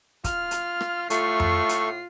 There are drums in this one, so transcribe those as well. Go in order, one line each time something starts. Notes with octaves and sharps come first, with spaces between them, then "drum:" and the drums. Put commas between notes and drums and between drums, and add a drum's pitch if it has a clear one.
F4 F6, drum: kick, hi-hat
drum: hi-hat
drum: rim click
A2 A3 F4 A4 C#6 C7, drum: hi-hat
drum: tom F2
drum: hi-hat